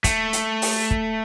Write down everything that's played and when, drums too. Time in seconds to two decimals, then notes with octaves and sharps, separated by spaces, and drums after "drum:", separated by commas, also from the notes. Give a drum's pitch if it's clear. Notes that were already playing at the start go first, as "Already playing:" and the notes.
0.04 A3, drum: kick, hi-hat
0.33 drum: hi-hat
0.62 drum: open hi-hat
0.91 drum: kick